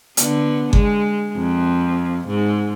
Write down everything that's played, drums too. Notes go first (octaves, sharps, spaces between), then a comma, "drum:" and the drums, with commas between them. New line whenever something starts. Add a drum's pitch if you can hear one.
D3 B3, drum: hi-hat
G#3, drum: kick G1
F2
G#2